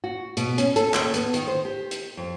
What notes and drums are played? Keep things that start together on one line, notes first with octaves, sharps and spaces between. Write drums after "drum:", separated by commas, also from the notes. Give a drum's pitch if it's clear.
F#4
B2, drum: hi-hat
C#4, drum: hi-hat
A4, drum: hi-hat
D#2, drum: clap
B3, drum: hi-hat
D#3, drum: hi-hat
C5
G4
drum: hi-hat
F2